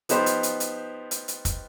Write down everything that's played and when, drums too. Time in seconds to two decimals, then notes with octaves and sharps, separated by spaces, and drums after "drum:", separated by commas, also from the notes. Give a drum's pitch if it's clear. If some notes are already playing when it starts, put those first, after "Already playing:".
0.09 F3 B3 D#4 G4 C5, drum: hi-hat
0.26 drum: hi-hat
0.43 drum: hi-hat
0.60 drum: hi-hat
1.11 drum: hi-hat
1.28 drum: hi-hat
1.45 drum: kick, hi-hat